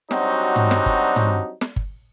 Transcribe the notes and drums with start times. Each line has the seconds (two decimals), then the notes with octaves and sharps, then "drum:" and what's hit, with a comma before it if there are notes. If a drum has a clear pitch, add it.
0.11 F#3 G3 C4 D4 D#4 F#4, drum: snare
0.56 drum: tom
0.71 drum: snare
0.86 drum: kick G1
1.16 drum: tom
1.61 drum: snare
1.76 drum: kick G1